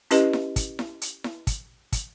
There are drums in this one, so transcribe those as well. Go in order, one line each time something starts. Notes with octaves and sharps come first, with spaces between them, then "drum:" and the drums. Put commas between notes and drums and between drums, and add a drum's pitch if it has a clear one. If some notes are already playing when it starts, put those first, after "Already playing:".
C#4 E4 G4 B4 D#5, drum: hi-hat
drum: snare E4
drum: kick, hi-hat
drum: snare E4
drum: hi-hat
drum: snare E4
drum: kick, hi-hat
drum: kick, hi-hat